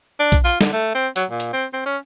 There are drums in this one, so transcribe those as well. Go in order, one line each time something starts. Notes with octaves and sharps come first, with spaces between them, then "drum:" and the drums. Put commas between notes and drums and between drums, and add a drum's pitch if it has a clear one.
D4
drum: kick A#1, hi-hat
F4
D3, drum: snare
A3
C4
F#3, drum: hi-hat
A#2
drum: hi-hat
C4
C4
C#4